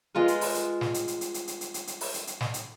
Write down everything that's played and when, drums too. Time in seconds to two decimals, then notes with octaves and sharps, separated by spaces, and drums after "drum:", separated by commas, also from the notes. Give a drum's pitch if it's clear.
0.15 G#3 F4 A#4 B4
0.28 drum: hi-hat
0.41 drum: open hi-hat
0.54 drum: hi-hat
0.81 drum: snare
0.94 drum: hi-hat
1.08 drum: hi-hat
1.21 drum: hi-hat
1.34 drum: hi-hat
1.48 drum: hi-hat
1.61 drum: hi-hat
1.74 drum: hi-hat
1.87 drum: hi-hat
2.01 drum: open hi-hat
2.14 drum: hi-hat
2.27 drum: hi-hat
2.41 drum: snare
2.54 drum: hi-hat